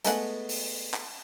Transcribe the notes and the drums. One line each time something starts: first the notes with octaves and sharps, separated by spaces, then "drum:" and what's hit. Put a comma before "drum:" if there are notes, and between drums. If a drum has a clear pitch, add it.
G#3 A3 B3 F4 F#5, drum: hi-hat
drum: open hi-hat
drum: clap